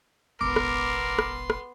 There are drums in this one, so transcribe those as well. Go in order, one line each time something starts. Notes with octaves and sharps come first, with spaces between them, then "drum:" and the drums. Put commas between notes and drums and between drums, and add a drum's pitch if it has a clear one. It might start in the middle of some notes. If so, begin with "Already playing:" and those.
E1 A1 B3 A#4 C6 D6
drum: rim click
drum: rim click
drum: rim click